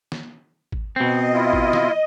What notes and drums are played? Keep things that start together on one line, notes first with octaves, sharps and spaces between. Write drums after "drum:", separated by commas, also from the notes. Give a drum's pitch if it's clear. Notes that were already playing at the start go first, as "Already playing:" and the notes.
drum: snare
drum: kick G#1
B2 C4 D#5
E4 F4 D#5
drum: kick G#1
drum: snare